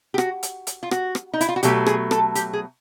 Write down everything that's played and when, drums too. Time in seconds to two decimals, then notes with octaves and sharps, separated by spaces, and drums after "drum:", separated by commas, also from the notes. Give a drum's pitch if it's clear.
0.14 G4
0.18 F#4, drum: rim click
0.43 drum: hi-hat
0.67 drum: hi-hat
0.83 F4
0.91 F#4, drum: rim click
1.15 drum: rim click
1.34 D#4
1.41 E4, drum: hi-hat
1.49 F4
1.56 F#4
1.63 B2 F#3 A3 G4, drum: hi-hat
1.86 G#4, drum: rim click
2.11 A4, drum: rim click
2.35 G4, drum: hi-hat
2.53 G#4